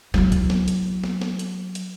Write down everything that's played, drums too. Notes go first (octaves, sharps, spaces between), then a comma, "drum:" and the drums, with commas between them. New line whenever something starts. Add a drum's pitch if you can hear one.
F#3 E4, drum: snare
drum: kick, hi-hat
drum: snare
drum: hi-hat
drum: snare
drum: snare
drum: hi-hat
drum: hi-hat